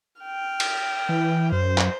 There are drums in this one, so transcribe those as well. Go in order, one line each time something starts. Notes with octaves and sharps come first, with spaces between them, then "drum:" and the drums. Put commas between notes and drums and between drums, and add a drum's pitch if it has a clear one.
G5 F6
drum: cymbal
E3
F#2 C5
drum: clap